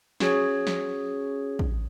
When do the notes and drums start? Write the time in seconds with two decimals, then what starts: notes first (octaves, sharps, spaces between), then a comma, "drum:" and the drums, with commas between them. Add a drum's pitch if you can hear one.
0.20 C#4 F#4 G#4 C#5, drum: snare
0.67 drum: snare
1.59 drum: kick